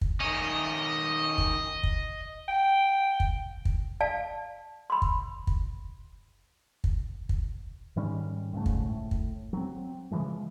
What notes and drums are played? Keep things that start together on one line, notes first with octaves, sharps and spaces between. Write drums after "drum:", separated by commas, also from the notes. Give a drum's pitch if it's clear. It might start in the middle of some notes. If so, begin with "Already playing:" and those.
drum: kick
D#3 C#4 D#5
drum: kick
drum: kick
G5
drum: kick
drum: kick
D5 F5 A5
B5 C6
drum: kick
drum: kick
drum: kick
drum: kick
G#2 D#3 G3 C#4
C#2 G#2 C#3 A3
drum: kick
A2
drum: kick
F#3 C4
C#3 E3 F3 G#3